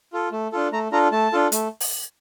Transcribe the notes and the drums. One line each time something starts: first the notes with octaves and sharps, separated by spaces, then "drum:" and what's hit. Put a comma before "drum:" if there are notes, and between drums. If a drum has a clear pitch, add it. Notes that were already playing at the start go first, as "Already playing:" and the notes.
F4 A4
A3
D4 F4 A4
A3 A#5
D4 F4 A4 A#5
A3 A5
D4 F4 A4
A3, drum: hi-hat
drum: open hi-hat